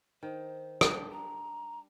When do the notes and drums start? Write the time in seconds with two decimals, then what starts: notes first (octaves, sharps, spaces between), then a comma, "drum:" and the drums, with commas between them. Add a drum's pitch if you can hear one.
0.23 D#3 C5
0.81 G3 D4 G5, drum: rim click
1.12 A#5